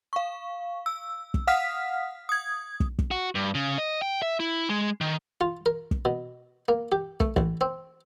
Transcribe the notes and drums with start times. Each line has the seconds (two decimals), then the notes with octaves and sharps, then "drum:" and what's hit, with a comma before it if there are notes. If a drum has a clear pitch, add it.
0.13 F5 C#6
0.86 E6
1.34 drum: kick
1.47 F5 F#5 D#6 F6 B6
2.29 D#6 G#6
2.80 drum: kick
2.99 drum: kick
3.11 F#4
3.35 G2
3.55 C#3
3.78 D#5
4.02 G5
4.22 E5
4.40 E4
4.70 G#3
5.01 D#3
5.41 F4
5.66 A#4
5.91 drum: kick
6.05 B2
6.68 A#3
6.92 G4
7.20 A3, drum: kick
7.36 A1, drum: kick
7.61 C4